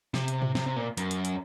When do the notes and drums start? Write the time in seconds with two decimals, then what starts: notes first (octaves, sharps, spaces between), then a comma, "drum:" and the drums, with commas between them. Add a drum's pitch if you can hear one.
0.14 C3, drum: snare
0.28 drum: hi-hat
0.42 drum: tom G#2
0.55 C3, drum: snare
0.66 C3
0.76 A#2
0.97 F#2, drum: hi-hat
1.11 drum: hi-hat
1.25 drum: hi-hat